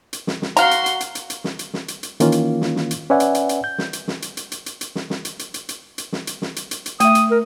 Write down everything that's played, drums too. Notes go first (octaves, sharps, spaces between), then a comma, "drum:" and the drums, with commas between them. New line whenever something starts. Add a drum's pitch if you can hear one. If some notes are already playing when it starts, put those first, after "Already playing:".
drum: hi-hat
drum: snare
drum: snare
F#4 F5 A#5 C6, drum: hi-hat
drum: hi-hat
drum: hi-hat
drum: hi-hat
drum: hi-hat
drum: hi-hat
drum: snare
drum: hi-hat
drum: snare
drum: hi-hat
drum: hi-hat
D#3 E3 A#3 C#4 F4, drum: hi-hat
drum: hi-hat
drum: snare
drum: snare
drum: hi-hat
C#4 B4 D5 E5 F#5 G#5
drum: hi-hat
drum: hi-hat
drum: hi-hat
G6
drum: snare
drum: hi-hat
drum: snare
drum: hi-hat
drum: hi-hat
drum: hi-hat
drum: hi-hat
drum: hi-hat
drum: snare
drum: snare
drum: hi-hat
drum: hi-hat
drum: hi-hat
drum: hi-hat
drum: hi-hat
drum: snare
drum: hi-hat
drum: snare
drum: hi-hat
drum: hi-hat
drum: hi-hat
A3 E5 D#6, drum: hi-hat
drum: hi-hat
A#4